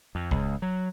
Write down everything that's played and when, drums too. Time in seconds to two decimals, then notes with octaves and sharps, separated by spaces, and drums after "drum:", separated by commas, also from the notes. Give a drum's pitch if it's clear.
0.15 F2
0.31 C#2, drum: kick D1
0.62 F#3